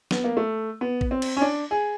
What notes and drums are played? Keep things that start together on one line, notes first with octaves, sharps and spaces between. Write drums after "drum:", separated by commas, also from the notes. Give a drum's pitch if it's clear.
B3, drum: snare
A#3
A3
B3
drum: kick A1
C4
drum: cymbal
C#4
D4
G#4